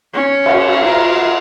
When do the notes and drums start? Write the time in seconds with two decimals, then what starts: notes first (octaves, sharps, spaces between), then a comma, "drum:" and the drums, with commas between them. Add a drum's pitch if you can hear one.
0.13 C#4
0.46 drum: cymbal
0.83 F4 A#4